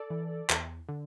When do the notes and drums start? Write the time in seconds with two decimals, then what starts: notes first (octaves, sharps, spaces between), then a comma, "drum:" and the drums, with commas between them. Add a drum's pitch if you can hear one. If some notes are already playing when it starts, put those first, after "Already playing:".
Already playing: A4 D5
0.10 E3
0.50 E2, drum: clap
0.89 D3